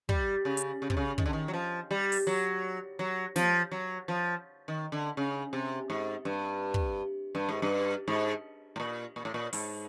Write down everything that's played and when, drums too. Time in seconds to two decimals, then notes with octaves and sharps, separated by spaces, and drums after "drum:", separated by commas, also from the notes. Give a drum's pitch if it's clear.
0.09 G3, drum: kick
0.45 C#3
0.57 drum: hi-hat
0.82 C#3
0.90 C3, drum: kick
0.97 C#3
1.18 D#3, drum: kick
1.26 D3
1.33 D#3
1.48 F#3
1.54 F3
1.91 G3
2.12 drum: open hi-hat
2.27 F#3
2.99 F#3
3.36 F3, drum: snare
3.72 F#3
4.08 F3
4.68 D#3
4.92 D3
5.17 C#3
5.53 C3
5.90 G#2
6.25 G2
6.74 drum: kick
7.35 G2
7.49 G#2
7.62 G2
8.08 G#2
8.76 A2
8.80 A#2
9.16 A#2
9.25 A2
9.34 A#2
9.53 G#2, drum: open hi-hat